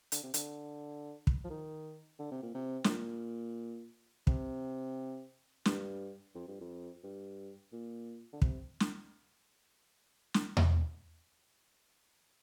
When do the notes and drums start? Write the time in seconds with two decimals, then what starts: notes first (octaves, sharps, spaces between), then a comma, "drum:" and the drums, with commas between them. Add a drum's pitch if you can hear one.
0.12 D3, drum: hi-hat
0.23 C3
0.34 D3, drum: hi-hat
1.27 drum: kick
1.44 F3
1.50 D#3
2.19 D3
2.31 C3
2.43 A#2
2.55 C3
2.84 A2, drum: snare
2.89 A#2
4.27 C3, drum: kick
5.65 G2, drum: snare
6.35 F2
6.48 G2
6.61 F2
7.04 G2
7.73 A#2
8.33 D3
8.42 C3, drum: kick
8.80 drum: snare
10.34 drum: snare
10.57 drum: tom E2